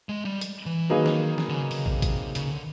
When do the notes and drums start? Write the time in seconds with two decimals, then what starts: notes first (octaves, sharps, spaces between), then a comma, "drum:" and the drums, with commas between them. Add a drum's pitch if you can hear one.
0.09 G#3
0.25 G3
0.41 drum: hi-hat
0.66 E3
0.89 D#3 F#3 A#3 D#4 G#4 B4
1.06 drum: snare
1.38 drum: snare
1.49 D3
1.54 C#3
1.71 C#3, drum: open hi-hat
1.86 C3, drum: kick
2.02 drum: kick, hi-hat
2.35 C#3, drum: hi-hat
2.51 D3